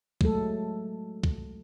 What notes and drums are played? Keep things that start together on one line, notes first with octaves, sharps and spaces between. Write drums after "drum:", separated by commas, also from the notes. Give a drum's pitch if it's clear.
F#3 G#3 A3 A4, drum: kick
drum: kick